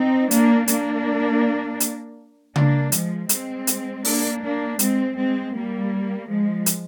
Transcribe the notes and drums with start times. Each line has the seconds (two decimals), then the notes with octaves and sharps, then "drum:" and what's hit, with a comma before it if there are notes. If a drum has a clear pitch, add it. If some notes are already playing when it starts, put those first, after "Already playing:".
Already playing: C4 D#4
0.31 A#3 D4, drum: hi-hat
0.68 A#3 D4, drum: hi-hat
1.80 drum: hi-hat
2.56 A#3 D4, drum: tom C#3
2.92 F3 G#3, drum: hi-hat
3.29 G#3 C4, drum: hi-hat
3.67 drum: hi-hat
4.05 A#3 D4, drum: open hi-hat
4.42 A#3 D4
4.79 G#3 C4, drum: hi-hat
5.17 G#3 C4
5.54 G3 A#3
6.28 F3 G#3
6.66 drum: hi-hat